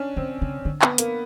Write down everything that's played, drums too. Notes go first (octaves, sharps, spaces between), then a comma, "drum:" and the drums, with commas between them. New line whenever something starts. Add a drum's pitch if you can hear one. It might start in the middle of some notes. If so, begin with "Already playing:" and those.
Already playing: C#4 D4
D3 C4
C#3
D3
B3, drum: clap
A#3, drum: hi-hat